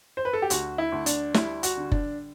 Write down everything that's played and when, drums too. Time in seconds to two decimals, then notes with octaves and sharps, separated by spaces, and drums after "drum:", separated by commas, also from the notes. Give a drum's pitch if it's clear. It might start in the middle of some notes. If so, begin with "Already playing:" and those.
0.17 C5
0.25 B4
0.33 A4
0.42 G4
0.50 D2 F#4, drum: hi-hat
0.78 E4
0.92 D2
1.06 D4, drum: hi-hat
1.34 G3 E4, drum: snare
1.63 F#4, drum: hi-hat
1.77 D3
1.91 D4, drum: kick F#1